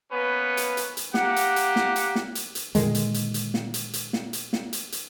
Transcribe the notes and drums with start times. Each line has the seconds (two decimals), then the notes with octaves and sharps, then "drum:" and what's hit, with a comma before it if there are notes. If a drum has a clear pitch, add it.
0.11 A#3 B3 C#4 B4
0.57 drum: hi-hat
0.77 drum: hi-hat
0.97 drum: hi-hat
1.14 A#3 G4 F#5, drum: snare
1.36 drum: hi-hat
1.56 drum: hi-hat
1.76 drum: snare
1.96 drum: hi-hat
2.15 drum: snare
2.35 drum: hi-hat
2.55 drum: hi-hat
2.75 A#2 D3 D#3 G#3, drum: hi-hat
2.95 drum: hi-hat
3.14 drum: hi-hat
3.34 drum: hi-hat
3.54 drum: snare
3.74 drum: hi-hat
3.93 drum: hi-hat
4.13 drum: snare
4.33 drum: hi-hat
4.53 drum: snare
4.73 drum: hi-hat
4.92 drum: hi-hat